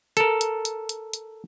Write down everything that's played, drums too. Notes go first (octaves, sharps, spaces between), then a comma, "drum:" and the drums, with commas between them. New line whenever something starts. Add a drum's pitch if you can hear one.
A4 A#4, drum: hi-hat
drum: hi-hat
drum: hi-hat
drum: hi-hat
drum: hi-hat